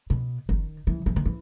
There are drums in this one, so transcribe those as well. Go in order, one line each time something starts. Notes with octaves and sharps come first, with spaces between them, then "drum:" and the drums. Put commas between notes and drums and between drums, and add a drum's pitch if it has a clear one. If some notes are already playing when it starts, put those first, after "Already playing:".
B2
D#3, drum: kick F#1
E3
E3
D#3
E3